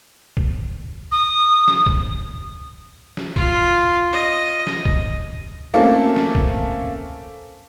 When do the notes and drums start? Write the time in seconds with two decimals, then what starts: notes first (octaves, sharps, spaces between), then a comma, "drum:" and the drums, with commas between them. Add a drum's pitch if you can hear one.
0.37 drum: kick
1.12 D#6
1.68 drum: snare
1.86 drum: kick
3.17 drum: snare
3.36 F4, drum: kick
4.12 D#5
4.67 drum: snare
4.85 drum: kick
5.74 A3 A#3 C4 C#4 A4
6.16 drum: snare
6.35 drum: kick